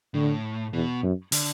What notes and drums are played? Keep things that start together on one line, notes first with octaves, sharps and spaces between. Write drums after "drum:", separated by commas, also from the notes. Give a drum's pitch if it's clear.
A2 D3
E2 B2
F#2
D3, drum: open hi-hat